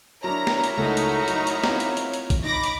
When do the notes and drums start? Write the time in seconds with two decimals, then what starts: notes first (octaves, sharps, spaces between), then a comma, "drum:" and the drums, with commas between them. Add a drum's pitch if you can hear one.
0.24 F#3 D4 E4 A#4 C#5 A#5
0.47 drum: snare
0.64 drum: hi-hat
0.77 C#2 A3 D#4 F#4 A4 A#5
0.97 drum: hi-hat
1.28 F#3, drum: hi-hat
1.47 drum: hi-hat
1.64 C4 F4, drum: snare
1.80 drum: hi-hat
1.97 drum: hi-hat
2.14 drum: hi-hat
2.30 drum: kick, hi-hat
2.44 D#4 B5 D6 A#6
2.63 drum: hi-hat